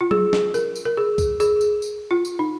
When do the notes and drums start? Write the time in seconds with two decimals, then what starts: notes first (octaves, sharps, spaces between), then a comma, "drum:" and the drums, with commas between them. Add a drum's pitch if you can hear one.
0.01 F4
0.11 G#4, drum: tom F#3
0.33 drum: snare
0.54 A#4, drum: tambourine
0.76 drum: tambourine
0.85 A#4
0.97 G#4
1.18 drum: kick C2, tambourine
1.40 G#4, drum: tambourine
1.61 drum: tambourine
1.82 drum: tambourine
2.11 F4
2.25 drum: tambourine
2.39 D#4